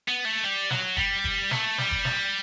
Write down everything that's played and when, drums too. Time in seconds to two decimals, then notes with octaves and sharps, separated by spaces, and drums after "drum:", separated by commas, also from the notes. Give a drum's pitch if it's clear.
0.08 B3
0.25 A3
0.44 G3
0.71 F#3, drum: snare
0.97 G3, drum: kick
1.24 drum: kick
1.51 A3, drum: snare
1.78 G3, drum: snare
1.91 drum: kick
2.05 drum: snare